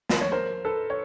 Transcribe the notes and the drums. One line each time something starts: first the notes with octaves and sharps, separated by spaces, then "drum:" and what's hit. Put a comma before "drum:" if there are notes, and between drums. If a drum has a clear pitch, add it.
drum: snare
C#5
A#4 C5
A4 B4
C#5